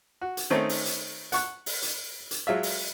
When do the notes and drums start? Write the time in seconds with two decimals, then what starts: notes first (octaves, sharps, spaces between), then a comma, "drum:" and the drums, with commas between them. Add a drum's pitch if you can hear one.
0.21 F#4
0.37 drum: hi-hat
0.50 D#3 A3 C4 C#4 D#4
0.69 drum: open hi-hat
0.85 drum: hi-hat
1.32 F#5 C#6 F#6, drum: hi-hat
1.66 drum: open hi-hat
1.82 drum: hi-hat
2.31 drum: hi-hat
2.47 F#3 G#3 F4 E5
2.63 drum: open hi-hat